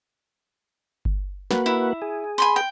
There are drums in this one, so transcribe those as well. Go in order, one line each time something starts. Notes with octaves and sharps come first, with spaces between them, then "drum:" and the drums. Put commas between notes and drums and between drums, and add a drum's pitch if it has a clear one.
drum: kick G1
A#3 F#4 B4, drum: snare
E4
G#4
G#5 B5 C6
G5